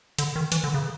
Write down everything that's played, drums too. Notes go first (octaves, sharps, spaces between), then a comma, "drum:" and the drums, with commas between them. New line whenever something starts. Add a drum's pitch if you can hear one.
D3, drum: hi-hat
D#3
E3, drum: hi-hat
D3
C#3